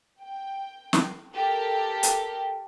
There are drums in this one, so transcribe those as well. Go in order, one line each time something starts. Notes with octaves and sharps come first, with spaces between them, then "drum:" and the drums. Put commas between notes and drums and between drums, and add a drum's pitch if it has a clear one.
G5
drum: snare
G4 A4 A#4
drum: hi-hat